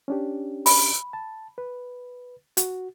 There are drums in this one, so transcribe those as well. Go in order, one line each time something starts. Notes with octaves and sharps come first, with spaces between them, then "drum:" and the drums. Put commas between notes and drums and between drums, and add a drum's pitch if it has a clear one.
C#4 D4 G4
B5, drum: open hi-hat
A5
B4
F#4, drum: hi-hat